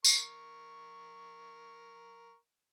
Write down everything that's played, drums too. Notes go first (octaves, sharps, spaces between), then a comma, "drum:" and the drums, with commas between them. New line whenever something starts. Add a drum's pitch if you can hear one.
A#4 C#6, drum: tambourine